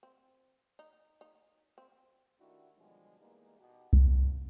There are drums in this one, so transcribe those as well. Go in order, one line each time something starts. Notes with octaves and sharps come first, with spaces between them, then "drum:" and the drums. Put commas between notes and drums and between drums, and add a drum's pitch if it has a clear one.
C4
D#4
D#4
C4
D#3 A3 D4 E4 F#4 G4
B2 D3 E3 F3 G3 G#3
E3 G3 G#3 A#3 B3 D#4
B2 D#4 F#4 G4
D2 A2 E3 F3 G3 A#3, drum: kick C2